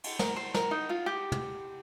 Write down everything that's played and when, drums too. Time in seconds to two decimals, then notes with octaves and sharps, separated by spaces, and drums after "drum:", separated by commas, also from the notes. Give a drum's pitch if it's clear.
0.04 drum: cymbal
0.19 A#4, drum: snare
0.36 C5
0.54 A#4, drum: snare
0.71 D#4
0.89 F4
1.06 G4
1.32 drum: tom